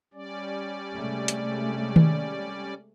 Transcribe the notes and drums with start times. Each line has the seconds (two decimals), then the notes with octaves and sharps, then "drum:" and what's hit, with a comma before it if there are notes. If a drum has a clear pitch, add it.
0.14 G3 C#4 D5
0.94 C3 G#3 A3
1.28 drum: hi-hat
1.96 drum: tom D#3